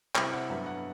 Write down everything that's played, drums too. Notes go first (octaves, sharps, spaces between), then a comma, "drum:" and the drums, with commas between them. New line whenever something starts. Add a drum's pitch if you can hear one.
C3 G3 C4 E4 G5, drum: clap
F#5
G2 F#3 B3 E5
F#5